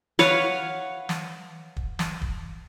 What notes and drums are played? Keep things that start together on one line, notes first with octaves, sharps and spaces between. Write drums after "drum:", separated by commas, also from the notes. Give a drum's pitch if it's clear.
B4 C#5 F5 F#5, drum: snare
drum: snare
drum: kick
drum: snare
drum: kick